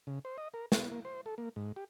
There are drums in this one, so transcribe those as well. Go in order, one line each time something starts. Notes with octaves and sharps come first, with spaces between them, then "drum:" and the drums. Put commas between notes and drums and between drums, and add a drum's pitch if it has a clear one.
C#3
C5
D#5
A#4
B3, drum: snare
A#3
C5
A4
A#3
G#2
G4